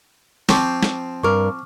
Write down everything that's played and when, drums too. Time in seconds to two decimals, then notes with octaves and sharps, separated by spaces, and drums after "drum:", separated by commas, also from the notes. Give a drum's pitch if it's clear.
0.49 F3 C4 C#6 D6 G6, drum: snare
0.83 drum: snare
1.23 G2 A#4 C#6 D6 F6